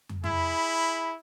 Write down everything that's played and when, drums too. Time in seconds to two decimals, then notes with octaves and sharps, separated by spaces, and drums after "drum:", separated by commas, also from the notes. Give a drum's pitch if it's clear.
0.09 drum: tom
0.24 E4 G#4 B5, drum: tom